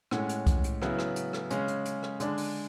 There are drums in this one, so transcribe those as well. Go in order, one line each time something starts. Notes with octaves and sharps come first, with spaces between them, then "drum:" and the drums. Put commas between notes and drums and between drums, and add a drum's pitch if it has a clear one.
A2 G#3 C#4 F#5, drum: rim click
drum: hi-hat
drum: kick C2, hi-hat
drum: hi-hat
C#3 F#3 B3 E4, drum: rim click
drum: rim click
drum: hi-hat
drum: rim click
C#3 G#3 C#4, drum: hi-hat
drum: hi-hat
drum: hi-hat
drum: rim click
D3 G#3 D4, drum: hi-hat
drum: open hi-hat